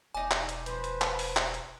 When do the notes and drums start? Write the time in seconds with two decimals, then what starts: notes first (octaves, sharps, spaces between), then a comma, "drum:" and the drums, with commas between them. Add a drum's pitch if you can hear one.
0.15 E1 D#4 D5 G#5
0.31 drum: clap
0.49 drum: hi-hat
0.66 F3 C4 B4, drum: hi-hat
0.84 drum: hi-hat
1.01 drum: clap
1.19 drum: open hi-hat
1.37 drum: clap
1.54 drum: hi-hat